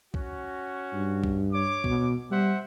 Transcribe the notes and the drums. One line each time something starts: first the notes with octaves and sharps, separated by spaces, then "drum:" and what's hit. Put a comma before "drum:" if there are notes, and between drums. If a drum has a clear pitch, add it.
C#4 F#4, drum: kick B1
G2
drum: kick B1
C#5 D6
B2, drum: kick B1
G3 C5 E5 F#5